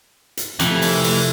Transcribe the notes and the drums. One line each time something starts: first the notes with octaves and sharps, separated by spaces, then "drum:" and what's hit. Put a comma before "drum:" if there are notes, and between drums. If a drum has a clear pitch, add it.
drum: hi-hat
F2 C3 E3 A3, drum: hi-hat
drum: open hi-hat
drum: open hi-hat